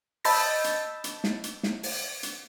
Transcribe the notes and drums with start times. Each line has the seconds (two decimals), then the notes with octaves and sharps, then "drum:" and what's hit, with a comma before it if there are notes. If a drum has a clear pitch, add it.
0.24 D#5 A5 B5 E6 G6 A6, drum: open hi-hat
0.64 drum: hi-hat
1.04 drum: hi-hat
1.24 drum: snare
1.44 drum: hi-hat
1.63 drum: snare
1.83 drum: open hi-hat
2.23 drum: hi-hat